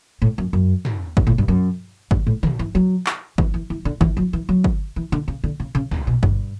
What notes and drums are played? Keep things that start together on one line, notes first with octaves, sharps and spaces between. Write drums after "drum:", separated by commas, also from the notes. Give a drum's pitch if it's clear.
A2
F#2
F#2
drum: tom
G2, drum: kick G1
A2
G2
F#2
G2, drum: kick G1
A2
E3, drum: tom
E3
F#3
drum: clap
E3, drum: kick G1
E3
E3
D3
E3, drum: kick G1
F#3
E3
F#3
drum: kick G1
E3
D3
C#3
D3
C#3
C#3
C#3, drum: tom
B2
G2, drum: kick G1